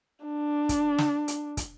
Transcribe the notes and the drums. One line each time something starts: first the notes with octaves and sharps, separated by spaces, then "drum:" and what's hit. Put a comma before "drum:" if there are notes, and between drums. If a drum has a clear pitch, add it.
D4
drum: kick, hi-hat
drum: snare
drum: hi-hat
drum: kick, hi-hat